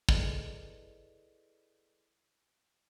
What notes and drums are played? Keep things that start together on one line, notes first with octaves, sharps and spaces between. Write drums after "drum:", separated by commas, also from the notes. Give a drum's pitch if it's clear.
E4 G#4 A4 B4 D5 D#5, drum: kick